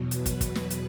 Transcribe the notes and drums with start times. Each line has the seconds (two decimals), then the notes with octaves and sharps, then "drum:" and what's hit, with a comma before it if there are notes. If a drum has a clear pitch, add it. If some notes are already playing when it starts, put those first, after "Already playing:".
Already playing: E2 B2 F#3
0.11 B4, drum: hi-hat
0.26 drum: kick, hi-hat
0.41 B4, drum: kick, hi-hat
0.55 drum: snare
0.70 drum: hi-hat